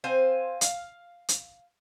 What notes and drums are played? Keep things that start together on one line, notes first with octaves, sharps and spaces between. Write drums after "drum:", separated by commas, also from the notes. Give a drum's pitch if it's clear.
C4 C5 F5 G#5
F5, drum: hi-hat
drum: hi-hat